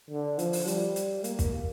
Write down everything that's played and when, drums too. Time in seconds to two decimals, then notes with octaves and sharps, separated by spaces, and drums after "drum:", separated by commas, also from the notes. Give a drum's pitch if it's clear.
0.10 D3
0.39 F3, drum: hi-hat
0.53 drum: open hi-hat
0.67 G3, drum: hi-hat
0.96 drum: hi-hat
1.24 A#3, drum: hi-hat
1.39 drum: kick, hi-hat